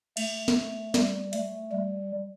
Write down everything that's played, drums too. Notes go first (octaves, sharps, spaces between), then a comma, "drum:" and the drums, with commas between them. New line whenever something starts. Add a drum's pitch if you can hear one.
A3, drum: cymbal
drum: snare
G3, drum: snare
A3, drum: hi-hat
G3